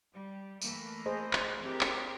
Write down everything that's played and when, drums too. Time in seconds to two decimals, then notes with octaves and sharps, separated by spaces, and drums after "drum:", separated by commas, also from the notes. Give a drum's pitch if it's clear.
0.12 G3
0.62 E3 A3 A#3, drum: tambourine
1.06 G#4 C5 D#5
1.33 drum: clap
1.60 C4 G4 A#4
1.81 drum: clap